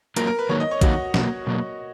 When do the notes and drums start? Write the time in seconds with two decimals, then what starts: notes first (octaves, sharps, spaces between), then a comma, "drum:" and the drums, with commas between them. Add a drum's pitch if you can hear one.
0.16 F#3 A#3 F4 A#4, drum: hi-hat
0.27 A#4
0.39 B4
0.49 D#3 F#3 A#3 D#4 C#5
0.60 D#5
0.71 C#5
0.81 D#3 F#3 A#3 D#4 F#4, drum: kick A#1, hi-hat
1.14 B2 F#3 A#3, drum: snare
1.47 B2 F#3 A#3